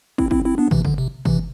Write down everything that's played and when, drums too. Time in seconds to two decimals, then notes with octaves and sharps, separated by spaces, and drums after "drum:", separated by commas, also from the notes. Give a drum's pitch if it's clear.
0.18 C4 E4, drum: kick
0.31 C4 E4, drum: kick
0.45 C4 E4
0.58 B3 D4
0.71 C3 E3, drum: kick
0.85 D3, drum: kick
0.98 C3
1.25 C3 E3, drum: kick